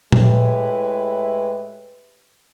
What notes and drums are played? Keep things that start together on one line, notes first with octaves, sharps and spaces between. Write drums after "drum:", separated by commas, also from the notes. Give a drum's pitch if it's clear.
A2 G#3 E4 G4 B4, drum: tom A#2